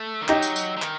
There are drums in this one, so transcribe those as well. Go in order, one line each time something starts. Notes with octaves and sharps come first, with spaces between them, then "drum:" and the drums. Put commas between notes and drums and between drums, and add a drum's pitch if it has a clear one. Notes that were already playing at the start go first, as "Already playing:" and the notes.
Already playing: A3
D#3
F#3 D#4 G4, drum: clap
drum: tambourine
drum: tambourine
F#3
D#3, drum: clap